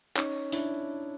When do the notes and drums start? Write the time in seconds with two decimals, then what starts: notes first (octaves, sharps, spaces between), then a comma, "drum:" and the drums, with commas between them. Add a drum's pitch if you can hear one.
0.17 C#4 D#4, drum: clap
0.52 D4 E4, drum: open hi-hat